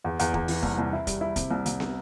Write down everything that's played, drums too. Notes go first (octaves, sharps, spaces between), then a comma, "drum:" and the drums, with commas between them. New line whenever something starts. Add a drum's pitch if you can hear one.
E2
E2, drum: hi-hat
E2, drum: kick
E3, drum: open hi-hat
C2, drum: kick
C2
E4
G3, drum: kick, hi-hat
E4
C3, drum: kick, hi-hat
C2
C2, drum: hi-hat
drum: snare